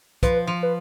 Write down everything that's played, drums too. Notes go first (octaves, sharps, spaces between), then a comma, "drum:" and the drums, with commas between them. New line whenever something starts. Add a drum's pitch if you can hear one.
F3 B4, drum: kick, hi-hat
F3
B4